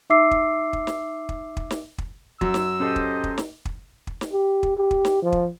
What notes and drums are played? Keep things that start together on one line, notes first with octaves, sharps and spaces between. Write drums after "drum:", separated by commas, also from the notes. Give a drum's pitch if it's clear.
D#4 E5 D6 E6 C7
drum: kick
drum: kick
drum: snare
drum: kick
drum: kick
drum: snare
drum: kick
F#2 E6, drum: kick
drum: snare
C#4 G4 A4 C5 D#5
drum: kick
drum: kick
drum: snare
drum: kick
drum: kick
drum: snare
G4
drum: kick
G4
drum: kick
drum: snare
F3
drum: kick